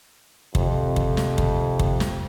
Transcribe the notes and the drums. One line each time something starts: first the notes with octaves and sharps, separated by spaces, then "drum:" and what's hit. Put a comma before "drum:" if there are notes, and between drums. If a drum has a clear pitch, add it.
F2 C3, drum: kick
drum: kick
drum: snare
drum: kick
drum: kick
drum: snare